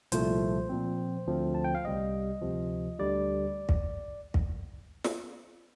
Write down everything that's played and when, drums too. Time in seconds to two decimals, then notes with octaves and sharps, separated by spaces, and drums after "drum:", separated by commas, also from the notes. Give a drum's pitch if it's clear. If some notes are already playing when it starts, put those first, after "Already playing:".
0.12 C2 A#2 F3 A3 C5, drum: hi-hat
0.69 A#2 F3 C4
1.27 D2 D3 F3 A3 C4
1.55 A5
1.64 G5
1.75 F5
1.84 C2 C3 G3 D#5
2.42 D2 C3 F3
2.99 D2 D3 G3 D5
3.69 drum: kick
4.34 drum: kick
5.04 drum: snare